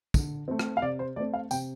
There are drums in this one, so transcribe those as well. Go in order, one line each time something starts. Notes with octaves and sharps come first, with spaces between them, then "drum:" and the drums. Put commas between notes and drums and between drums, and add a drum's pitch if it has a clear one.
D3, drum: kick, tambourine
A3 C4
drum: rim click
F5
C3 D5
C5
A3 C4 D5
F5
C3 G5, drum: tambourine